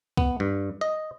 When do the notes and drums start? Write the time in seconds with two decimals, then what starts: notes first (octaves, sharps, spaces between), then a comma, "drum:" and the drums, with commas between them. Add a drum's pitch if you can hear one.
0.17 B3, drum: kick C2
0.40 G2
0.81 D#5